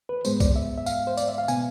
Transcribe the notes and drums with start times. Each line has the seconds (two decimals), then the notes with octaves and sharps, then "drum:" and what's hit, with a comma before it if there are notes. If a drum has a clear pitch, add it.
0.09 B4
0.25 G#2 G#3 B3 C5, drum: tambourine
0.40 D5, drum: kick C2, tambourine
0.56 E5
0.78 E5
0.86 F5, drum: tambourine
1.07 C5
1.17 D5, drum: tambourine
1.28 E5
1.38 F5
1.48 B2 B3 G#5, drum: tambourine